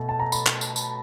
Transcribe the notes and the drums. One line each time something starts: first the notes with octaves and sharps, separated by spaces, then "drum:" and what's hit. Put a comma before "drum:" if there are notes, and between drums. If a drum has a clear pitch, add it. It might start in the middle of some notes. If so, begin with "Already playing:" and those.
Already playing: B2 A3
A5
A#5
B5, drum: tambourine
drum: clap
drum: tambourine
drum: tambourine